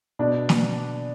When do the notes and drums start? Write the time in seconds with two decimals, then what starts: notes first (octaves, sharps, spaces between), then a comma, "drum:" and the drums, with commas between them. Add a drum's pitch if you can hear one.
0.19 B2 D4
0.49 drum: snare